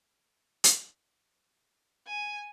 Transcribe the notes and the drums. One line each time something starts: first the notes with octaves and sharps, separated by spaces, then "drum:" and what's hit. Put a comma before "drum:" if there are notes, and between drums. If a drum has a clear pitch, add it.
drum: hi-hat
G#5